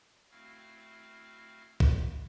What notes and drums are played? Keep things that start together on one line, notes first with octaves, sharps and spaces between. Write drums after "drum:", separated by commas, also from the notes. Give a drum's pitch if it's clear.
A3 C4 E4 F#4 F5 F6
drum: kick